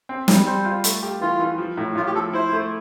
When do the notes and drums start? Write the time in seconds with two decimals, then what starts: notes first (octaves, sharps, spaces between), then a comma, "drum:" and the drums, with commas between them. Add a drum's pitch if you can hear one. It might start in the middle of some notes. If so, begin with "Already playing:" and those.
0.09 C4
0.28 G3, drum: snare
0.46 G3 C5
0.65 F4
0.84 A3, drum: hi-hat
1.03 G4
1.21 E3 F4
1.39 E3
1.58 F3
1.78 A2
1.95 A2 F4
2.06 G4
2.15 F3 A4
2.33 E4 C5
2.53 A3